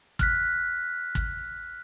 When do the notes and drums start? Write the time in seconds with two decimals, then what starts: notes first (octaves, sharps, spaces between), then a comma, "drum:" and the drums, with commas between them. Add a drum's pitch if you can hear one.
0.19 F6 F#6 B6, drum: kick
1.15 drum: kick